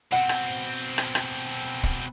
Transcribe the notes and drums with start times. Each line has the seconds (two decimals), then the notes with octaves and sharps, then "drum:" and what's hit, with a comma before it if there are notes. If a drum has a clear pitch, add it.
0.12 B2 C4 F#5
0.29 drum: rim click
0.98 drum: rim click
1.15 drum: rim click
1.83 drum: kick